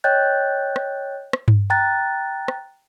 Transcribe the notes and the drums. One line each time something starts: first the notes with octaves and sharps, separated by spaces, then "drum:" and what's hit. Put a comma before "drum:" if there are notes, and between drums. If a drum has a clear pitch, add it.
C#5 D#5 G5 F#6 G6 A6
drum: rim click
drum: rim click
drum: tom G2
G5 A#5 F#6 A6
drum: rim click